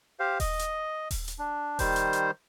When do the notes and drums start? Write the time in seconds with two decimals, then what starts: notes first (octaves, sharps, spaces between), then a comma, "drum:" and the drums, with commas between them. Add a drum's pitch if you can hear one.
0.20 G4 C5 F5
0.40 D#5, drum: kick D#1, open hi-hat
0.59 drum: hi-hat
1.11 drum: kick D#1, open hi-hat
1.28 drum: hi-hat
1.39 D4
1.79 D#3 G3 C5, drum: kick D#1, open hi-hat
1.96 drum: hi-hat
2.13 drum: hi-hat